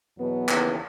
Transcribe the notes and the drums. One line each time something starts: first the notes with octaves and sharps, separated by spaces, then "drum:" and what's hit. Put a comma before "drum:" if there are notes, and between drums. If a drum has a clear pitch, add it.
E2 B2 F#3 B3
D#2 C#3 E3, drum: clap